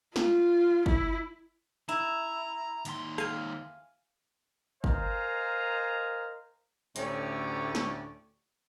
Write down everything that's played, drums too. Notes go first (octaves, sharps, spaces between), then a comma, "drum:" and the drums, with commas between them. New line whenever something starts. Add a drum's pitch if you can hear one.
F4, drum: snare
E4, drum: kick
E4 A#5
D#2 C6, drum: hi-hat
F5 G#5, drum: rim click
A#4 C5 D#5 F5 G#5 A#5, drum: kick
D2 A2 C#4 G4 C#5 D5, drum: hi-hat
drum: snare